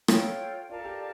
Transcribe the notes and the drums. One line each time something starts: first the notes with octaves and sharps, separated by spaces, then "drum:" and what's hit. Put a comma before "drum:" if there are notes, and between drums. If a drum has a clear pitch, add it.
F4 A4 C#5 G5, drum: rim click
F4 A#4 D5 F5 A5
A4
G4